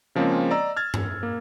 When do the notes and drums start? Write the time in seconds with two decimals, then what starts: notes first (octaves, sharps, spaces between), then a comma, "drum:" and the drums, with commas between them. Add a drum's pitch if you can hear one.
0.15 C#3 F3 G#3 A#3 C4 C#4
0.51 D5 D#5 A#5 E6
0.77 F6 G#6 A6
0.94 drum: tom G2
1.23 A#3